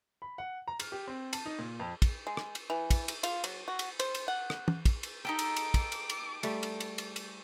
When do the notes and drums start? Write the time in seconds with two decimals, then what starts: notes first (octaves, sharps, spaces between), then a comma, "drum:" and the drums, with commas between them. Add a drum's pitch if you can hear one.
0.22 B5
0.38 F#5
0.68 A#5
0.80 F6, drum: cymbal
0.92 G4
1.08 C4
1.33 A5, drum: cymbal
1.46 D#4
1.59 A#2
1.80 F2
2.02 drum: kick, cymbal
2.27 G#3
2.37 drum: rim click
2.55 drum: cymbal
2.70 E3
2.91 drum: kick, cymbal
3.08 drum: cymbal
3.23 F4, drum: cymbal
3.44 F#3, drum: cymbal
3.68 F#4
3.79 drum: cymbal
4.00 C5, drum: cymbal
4.15 drum: cymbal
4.28 F#5
4.50 drum: rim click
4.68 drum: tom
4.85 drum: kick, cymbal
5.03 drum: cymbal
5.25 D#4 G4 A4 G5 D6
5.39 drum: cymbal
5.56 drum: cymbal
5.74 drum: kick, cymbal
5.92 drum: cymbal
6.10 drum: cymbal
6.43 G3 A3, drum: cymbal
6.63 drum: cymbal
6.80 drum: cymbal
6.98 drum: cymbal
7.16 drum: cymbal